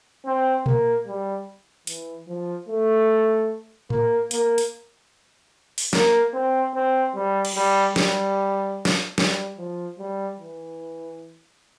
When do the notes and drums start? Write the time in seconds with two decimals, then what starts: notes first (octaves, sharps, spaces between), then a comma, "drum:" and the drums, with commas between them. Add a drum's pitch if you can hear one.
0.26 C4
0.66 A#3, drum: tom A#2
1.07 G3
1.87 E3, drum: hi-hat
2.28 F3
2.69 A3
3.90 A#3, drum: tom A2
4.31 A#3, drum: hi-hat
4.58 drum: hi-hat
5.78 drum: open hi-hat
5.93 A#3, drum: snare
6.34 C4
6.74 C4
7.15 G3
7.45 drum: cymbal
7.55 G3
7.96 G3, drum: snare
8.85 drum: snare
9.18 G3, drum: snare
9.58 F3
9.99 G3
10.39 E3